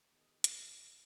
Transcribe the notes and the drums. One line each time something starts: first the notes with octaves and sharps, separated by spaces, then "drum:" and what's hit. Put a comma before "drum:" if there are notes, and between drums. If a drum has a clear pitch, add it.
D#3 B3 G4 A4 D#5
drum: hi-hat